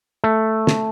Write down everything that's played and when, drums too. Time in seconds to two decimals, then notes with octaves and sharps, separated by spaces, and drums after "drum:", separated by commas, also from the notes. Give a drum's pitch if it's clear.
0.24 A3
0.67 drum: snare